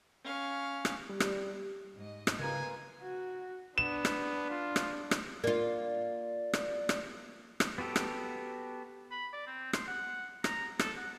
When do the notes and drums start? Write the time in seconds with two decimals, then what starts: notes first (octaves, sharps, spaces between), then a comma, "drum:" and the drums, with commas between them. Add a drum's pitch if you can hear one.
0.24 C#4 F5
0.85 drum: rim click
1.09 G3
1.20 drum: rim click
1.96 G#2 D#5
2.27 drum: rim click
2.39 C#2 F4 A#4 B4 G#5 A#5
3.02 F#4
3.78 B3 D4 E7
4.05 drum: rim click
4.50 F4
4.76 drum: rim click
5.11 drum: rim click
5.44 A#3 F4 D5
6.53 drum: rim click
6.89 drum: rim click
7.60 drum: rim click
7.78 B3 F#4 G4 A4
7.96 drum: rim click
9.11 B5
9.33 D5
9.47 C4
9.73 C6, drum: rim click
9.88 F#5
10.44 A#5, drum: rim click
10.79 A4, drum: rim click
10.97 F#5